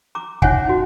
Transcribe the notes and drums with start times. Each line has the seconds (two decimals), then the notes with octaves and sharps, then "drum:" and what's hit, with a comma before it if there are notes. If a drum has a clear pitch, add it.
0.15 A#5 D6
0.42 C#4 D#4 C#5 E5 F#5 G#5, drum: kick
0.67 D#4 F#4